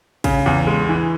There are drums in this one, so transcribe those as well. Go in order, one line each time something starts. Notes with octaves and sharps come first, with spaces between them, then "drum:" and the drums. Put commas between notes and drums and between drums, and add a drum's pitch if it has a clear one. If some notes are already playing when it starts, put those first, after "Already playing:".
C#3, drum: kick, cymbal
E2
G#3
E3